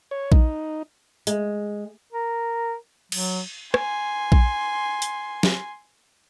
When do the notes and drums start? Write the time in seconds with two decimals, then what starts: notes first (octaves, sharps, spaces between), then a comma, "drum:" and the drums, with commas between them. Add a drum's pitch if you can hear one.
0.11 C#5
0.32 D#4, drum: kick A#1
1.27 G#3, drum: hi-hat
2.13 A#4
3.12 F#3, drum: cymbal
3.74 G#5 C6, drum: rim click
4.32 drum: kick A#1
5.02 drum: hi-hat
5.43 drum: snare